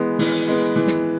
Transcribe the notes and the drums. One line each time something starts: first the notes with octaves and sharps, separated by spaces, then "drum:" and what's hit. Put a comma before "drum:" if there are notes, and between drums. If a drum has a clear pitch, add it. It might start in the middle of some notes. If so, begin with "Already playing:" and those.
Already playing: E3 G#3 B3
E3, drum: open hi-hat
G#3 B3
E3
drum: snare